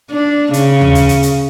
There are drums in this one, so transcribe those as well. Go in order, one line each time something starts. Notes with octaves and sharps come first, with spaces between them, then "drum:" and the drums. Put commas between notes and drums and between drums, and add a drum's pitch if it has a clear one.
D4
C#3, drum: hi-hat
drum: tom
drum: hi-hat
drum: hi-hat
drum: hi-hat